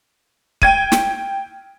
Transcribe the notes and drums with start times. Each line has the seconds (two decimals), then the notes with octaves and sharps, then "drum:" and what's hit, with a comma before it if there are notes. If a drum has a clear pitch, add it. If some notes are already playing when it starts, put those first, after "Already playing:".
0.62 G5 G#6 D#7, drum: kick
0.92 drum: snare